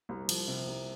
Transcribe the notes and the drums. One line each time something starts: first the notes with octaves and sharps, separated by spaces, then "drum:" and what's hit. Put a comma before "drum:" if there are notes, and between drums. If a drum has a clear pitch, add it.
C2
F3, drum: cymbal
C3
C2